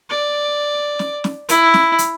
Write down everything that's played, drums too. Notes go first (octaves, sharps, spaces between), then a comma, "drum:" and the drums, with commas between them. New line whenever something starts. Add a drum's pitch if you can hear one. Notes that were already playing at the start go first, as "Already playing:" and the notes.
D5
drum: snare
drum: snare
E4, drum: hi-hat
drum: snare
drum: hi-hat